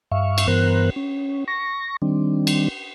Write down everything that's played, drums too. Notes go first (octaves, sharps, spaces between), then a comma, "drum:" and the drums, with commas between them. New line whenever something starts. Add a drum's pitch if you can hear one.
G2 E5 F5 C#6
drum: cymbal
G2 E3 B3 A#4 C5 F#6
C#4
C#6 A#6
D#3 G3 C4 D4
drum: cymbal